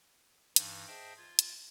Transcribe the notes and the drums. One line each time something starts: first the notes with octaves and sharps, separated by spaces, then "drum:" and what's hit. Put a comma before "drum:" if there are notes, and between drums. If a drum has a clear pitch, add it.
G2 E3 D#4, drum: hi-hat
G#4 C5 D#5 E5 G5 A5
F4 G#6
drum: hi-hat